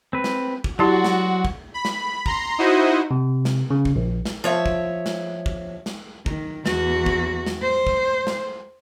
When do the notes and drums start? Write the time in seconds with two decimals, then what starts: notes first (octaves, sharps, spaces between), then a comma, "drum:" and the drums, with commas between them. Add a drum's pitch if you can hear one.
0.13 C4 B4
0.24 drum: snare
0.64 drum: kick
0.79 F#3 E4 F#4 G4 D5 A5 C6
1.04 drum: snare
1.45 drum: kick
1.74 B5
1.85 drum: snare
2.26 A#5 C6, drum: kick
2.58 D#4 E4 F#4 C5 D#5
3.11 C3
3.45 drum: snare
3.71 C#3
3.85 drum: kick
3.96 A#1
4.25 drum: snare
4.44 F3 C#5 E5
4.66 drum: kick
5.06 drum: snare
5.46 drum: kick
5.86 drum: snare
6.26 D#3, drum: kick
6.66 E2 F#4, drum: snare
7.06 drum: kick
7.46 drum: snare
7.62 C5
7.87 drum: kick
8.27 drum: snare